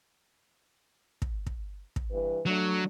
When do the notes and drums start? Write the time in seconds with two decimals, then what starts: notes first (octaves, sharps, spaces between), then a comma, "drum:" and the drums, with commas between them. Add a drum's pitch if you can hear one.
1.22 drum: kick
1.46 drum: kick
1.96 drum: kick
2.11 G2 E3 B4
2.46 F#3 A3 D4